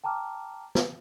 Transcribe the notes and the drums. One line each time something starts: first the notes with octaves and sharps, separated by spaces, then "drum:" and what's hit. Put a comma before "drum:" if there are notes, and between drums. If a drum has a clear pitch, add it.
G5 A5 A#5 D6 F6
drum: snare